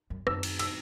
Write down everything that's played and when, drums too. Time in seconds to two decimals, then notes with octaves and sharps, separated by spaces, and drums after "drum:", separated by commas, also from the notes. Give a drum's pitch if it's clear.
0.10 F#2
0.27 F#2 E6, drum: rim click
0.43 drum: cymbal
0.59 E6, drum: cymbal